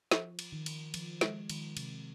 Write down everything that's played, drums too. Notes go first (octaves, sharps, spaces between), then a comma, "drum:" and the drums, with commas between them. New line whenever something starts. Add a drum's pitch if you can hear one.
F3, drum: snare
drum: cymbal
D#3
drum: cymbal
F3, drum: cymbal
G#3, drum: snare
D#3, drum: cymbal
C3, drum: cymbal